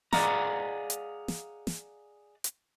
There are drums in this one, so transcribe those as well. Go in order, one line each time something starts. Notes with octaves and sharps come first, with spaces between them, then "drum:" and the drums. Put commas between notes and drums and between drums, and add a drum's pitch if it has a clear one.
G#4 D5 D#5 F5 F#5 A#5, drum: snare
drum: hi-hat
drum: snare
drum: snare
drum: hi-hat